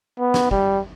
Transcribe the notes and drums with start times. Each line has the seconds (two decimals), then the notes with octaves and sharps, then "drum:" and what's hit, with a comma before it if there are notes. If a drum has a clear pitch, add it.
0.19 B3
0.34 drum: snare
0.51 G3, drum: kick